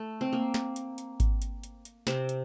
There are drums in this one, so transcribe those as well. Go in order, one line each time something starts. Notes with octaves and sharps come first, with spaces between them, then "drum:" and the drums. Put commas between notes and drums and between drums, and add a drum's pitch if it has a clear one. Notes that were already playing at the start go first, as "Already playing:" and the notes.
Already playing: A3
C4
A#3
drum: snare
drum: hi-hat
drum: hi-hat
drum: kick G#1, hi-hat
drum: hi-hat
drum: hi-hat
drum: hi-hat
C3 C4, drum: snare
drum: hi-hat